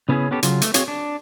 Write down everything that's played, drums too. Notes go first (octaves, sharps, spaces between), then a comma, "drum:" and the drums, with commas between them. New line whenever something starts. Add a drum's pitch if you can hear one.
C#3 B3 C#4 E4 G4 G#4
B3 C#4 G4 A4
C#3 F#3 F4, drum: hi-hat
A3, drum: hi-hat
C4 F#4 G#4 C#5 F5, drum: hi-hat
D4